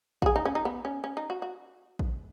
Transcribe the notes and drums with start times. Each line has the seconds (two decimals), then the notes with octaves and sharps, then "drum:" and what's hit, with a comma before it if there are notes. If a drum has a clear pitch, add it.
0.22 F#4, drum: kick A#1
0.26 G#4
0.36 D#4
0.45 C#4
0.55 D#4
0.65 B3
0.85 C#4
1.04 C#4
1.17 D#4
1.30 F#4
1.42 F#4
1.99 drum: kick A#1